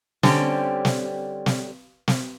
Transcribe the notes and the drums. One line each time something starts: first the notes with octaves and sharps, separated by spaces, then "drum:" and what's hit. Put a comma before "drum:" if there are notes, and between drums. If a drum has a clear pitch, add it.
D3 G3 C4 C#4 G4, drum: snare
drum: snare
drum: snare
drum: snare